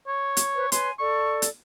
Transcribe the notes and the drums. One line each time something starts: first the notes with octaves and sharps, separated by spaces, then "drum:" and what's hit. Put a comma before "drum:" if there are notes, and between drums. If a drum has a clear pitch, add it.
C#5
drum: hi-hat
B4 C5
B4 C#5 G#5 C6, drum: hi-hat
A4 D5 C#6
drum: hi-hat